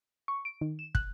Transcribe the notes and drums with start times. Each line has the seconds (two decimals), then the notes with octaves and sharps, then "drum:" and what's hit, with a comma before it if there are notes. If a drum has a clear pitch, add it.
0.28 C#6
0.45 D7
0.61 D#3
0.79 E7
0.95 F#6, drum: kick